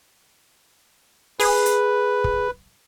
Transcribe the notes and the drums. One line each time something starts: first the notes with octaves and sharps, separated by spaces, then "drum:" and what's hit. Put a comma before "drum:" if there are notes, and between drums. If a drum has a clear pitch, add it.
G#4 B4, drum: open hi-hat
drum: hi-hat
drum: kick